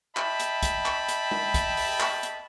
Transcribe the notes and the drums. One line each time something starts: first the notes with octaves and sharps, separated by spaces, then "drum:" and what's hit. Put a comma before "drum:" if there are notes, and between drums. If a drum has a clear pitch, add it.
D#5 E5 G5 A5 B5, drum: clap
drum: hi-hat
drum: kick, hi-hat
drum: clap
drum: hi-hat
drum: tom G#3
drum: kick, hi-hat
drum: open hi-hat
drum: clap
drum: hi-hat